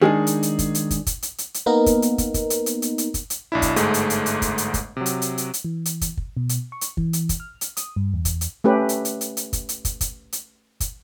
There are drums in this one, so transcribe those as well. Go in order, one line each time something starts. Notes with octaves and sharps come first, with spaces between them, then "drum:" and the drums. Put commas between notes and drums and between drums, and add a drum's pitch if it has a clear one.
D#3 G#3 D4 D#4 G#4
drum: hi-hat
drum: hi-hat
drum: kick, hi-hat
drum: hi-hat
drum: kick, hi-hat
drum: kick, hi-hat
drum: hi-hat
drum: hi-hat
drum: hi-hat
A#3 B3 D#4 A#4
drum: kick, hi-hat
drum: hi-hat
drum: kick, hi-hat
drum: kick, hi-hat
drum: hi-hat
drum: hi-hat
drum: hi-hat
drum: hi-hat
drum: kick, hi-hat
drum: hi-hat
B1 D4 E4
drum: kick, hi-hat
G1 G#2 G#3 A3, drum: hi-hat
drum: hi-hat
drum: hi-hat
drum: hi-hat
drum: kick, hi-hat
drum: hi-hat
drum: kick, hi-hat
C3 F#3
drum: hi-hat
drum: hi-hat
drum: hi-hat
drum: hi-hat
E3
drum: hi-hat
drum: kick, hi-hat
drum: kick
B2
drum: hi-hat
C#6
drum: hi-hat
E3, drum: kick
drum: hi-hat
drum: kick, hi-hat
F6
drum: hi-hat
D#6, drum: hi-hat
G2
E2
drum: kick, hi-hat
drum: hi-hat
A3 C#4 G4 B4
drum: hi-hat
drum: hi-hat
drum: hi-hat
drum: hi-hat
drum: kick, hi-hat
drum: hi-hat
drum: kick, hi-hat
drum: kick, hi-hat
drum: hi-hat
drum: kick, hi-hat